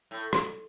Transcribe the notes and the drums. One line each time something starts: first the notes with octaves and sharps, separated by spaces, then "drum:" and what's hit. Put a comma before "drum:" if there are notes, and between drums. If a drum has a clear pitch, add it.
A2
drum: rim click